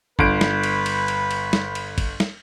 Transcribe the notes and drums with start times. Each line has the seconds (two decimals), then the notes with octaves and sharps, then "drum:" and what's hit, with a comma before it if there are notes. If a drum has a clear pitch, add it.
0.19 G1 B4 D7, drum: kick A#1
0.41 drum: snare
0.63 drum: cymbal
0.86 drum: cymbal
1.08 drum: cymbal
1.31 drum: cymbal
1.53 drum: snare
1.75 drum: cymbal
1.98 drum: kick A#1, cymbal
2.20 drum: snare